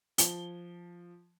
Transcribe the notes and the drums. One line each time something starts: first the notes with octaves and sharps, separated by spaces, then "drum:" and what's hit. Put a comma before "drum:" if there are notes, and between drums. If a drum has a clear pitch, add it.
F3 G7, drum: hi-hat